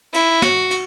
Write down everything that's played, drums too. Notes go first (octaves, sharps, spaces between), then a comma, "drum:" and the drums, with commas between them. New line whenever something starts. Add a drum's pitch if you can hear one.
E4, drum: cymbal
F#4, drum: snare
drum: cymbal